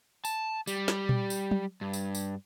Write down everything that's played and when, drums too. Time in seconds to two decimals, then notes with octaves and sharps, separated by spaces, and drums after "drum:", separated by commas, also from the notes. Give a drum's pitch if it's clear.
0.25 A5, drum: tambourine
0.67 G3, drum: tambourine
0.88 drum: snare
1.09 drum: tom A#2
1.30 drum: tambourine
1.51 drum: tom
1.81 G2
1.93 drum: tambourine
2.15 drum: tambourine